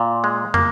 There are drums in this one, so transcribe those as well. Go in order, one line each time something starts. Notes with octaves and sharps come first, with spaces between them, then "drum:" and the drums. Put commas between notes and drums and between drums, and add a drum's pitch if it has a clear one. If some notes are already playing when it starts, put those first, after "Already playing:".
Already playing: A#2
G#3
A#3, drum: tom